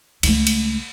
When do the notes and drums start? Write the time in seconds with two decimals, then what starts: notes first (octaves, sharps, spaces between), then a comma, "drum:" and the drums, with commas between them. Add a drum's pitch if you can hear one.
0.23 C#2 A3, drum: cymbal
0.47 drum: cymbal